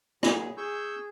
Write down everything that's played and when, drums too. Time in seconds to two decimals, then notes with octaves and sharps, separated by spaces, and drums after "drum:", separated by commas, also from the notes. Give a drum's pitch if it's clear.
0.23 A#2 F#3 G#4, drum: rim click
0.57 G#4 C#6 E6 G6